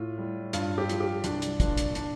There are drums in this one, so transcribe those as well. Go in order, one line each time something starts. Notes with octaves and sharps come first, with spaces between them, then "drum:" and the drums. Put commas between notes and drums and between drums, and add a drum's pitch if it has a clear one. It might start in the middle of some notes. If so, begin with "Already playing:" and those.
Already playing: A2 F4
G3
G2 F4, drum: hi-hat
G4
F3, drum: hi-hat
G4
C2 D4, drum: hi-hat
drum: hi-hat
A#2 F3 D4, drum: kick, hi-hat
drum: hi-hat
D4, drum: hi-hat